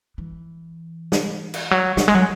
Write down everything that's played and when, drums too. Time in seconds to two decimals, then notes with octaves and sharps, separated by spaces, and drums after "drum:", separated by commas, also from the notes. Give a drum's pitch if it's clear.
0.18 E3
1.12 drum: snare
1.54 drum: cymbal
1.71 F#3
1.97 F#3, drum: snare
2.08 G#3
2.15 F#3